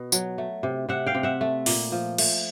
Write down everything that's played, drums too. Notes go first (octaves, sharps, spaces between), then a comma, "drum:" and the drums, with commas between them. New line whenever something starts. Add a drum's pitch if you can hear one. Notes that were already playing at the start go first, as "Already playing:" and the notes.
Already playing: B2
F#3, drum: tambourine
A3
C3
C3 E5 F#5
F5 G5
C3
E5 F#5
A3
A#2, drum: open hi-hat
F3
A3, drum: cymbal